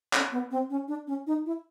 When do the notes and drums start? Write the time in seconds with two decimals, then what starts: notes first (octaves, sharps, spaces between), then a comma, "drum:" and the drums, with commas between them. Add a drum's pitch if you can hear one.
0.13 C#4, drum: clap
0.32 B3
0.51 C4
0.70 C#4
0.88 D4
1.07 C#4
1.27 D#4
1.46 E4